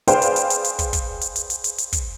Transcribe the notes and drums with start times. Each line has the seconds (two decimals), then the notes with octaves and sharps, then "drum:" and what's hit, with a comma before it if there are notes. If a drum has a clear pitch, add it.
0.07 G#4 B4 C5 D5 F5 G5, drum: hi-hat
0.22 drum: hi-hat
0.36 drum: hi-hat
0.50 drum: hi-hat
0.64 drum: hi-hat
0.79 drum: kick, hi-hat
0.93 drum: kick, hi-hat
1.21 drum: hi-hat
1.36 drum: hi-hat
1.50 drum: hi-hat
1.64 drum: hi-hat
1.78 drum: hi-hat
1.93 drum: kick, hi-hat